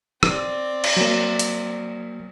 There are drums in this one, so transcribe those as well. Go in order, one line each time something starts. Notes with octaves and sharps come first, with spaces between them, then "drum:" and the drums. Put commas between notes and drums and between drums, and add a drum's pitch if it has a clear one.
C4 D5, drum: rim click
drum: cymbal
F#3 A#3
drum: hi-hat